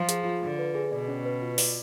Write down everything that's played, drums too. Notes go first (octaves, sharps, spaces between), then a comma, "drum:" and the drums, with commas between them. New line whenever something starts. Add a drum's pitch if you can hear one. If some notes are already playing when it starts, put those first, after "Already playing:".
Already playing: F3
G#4, drum: hi-hat
F4
D3 F4
B4
G#4
B2 D5
C#4
B4
F4
D5, drum: open hi-hat